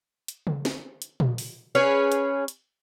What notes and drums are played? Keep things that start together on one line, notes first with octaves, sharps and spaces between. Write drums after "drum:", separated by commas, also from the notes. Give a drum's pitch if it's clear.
drum: hi-hat
drum: tom C#3
drum: snare
drum: hi-hat
drum: tom A#2
drum: open hi-hat
C#4 G#4 B4 C#5
drum: hi-hat
drum: hi-hat